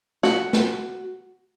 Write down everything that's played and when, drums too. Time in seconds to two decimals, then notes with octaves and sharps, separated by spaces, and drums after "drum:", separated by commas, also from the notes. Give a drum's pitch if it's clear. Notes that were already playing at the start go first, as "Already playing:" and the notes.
0.23 F#4, drum: snare
0.53 drum: snare